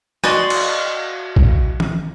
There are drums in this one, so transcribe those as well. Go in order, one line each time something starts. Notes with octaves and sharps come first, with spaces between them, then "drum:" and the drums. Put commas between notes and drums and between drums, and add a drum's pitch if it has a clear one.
F#4 D5 D#5 C6, drum: rim click
drum: cymbal
drum: kick
drum: tom D#3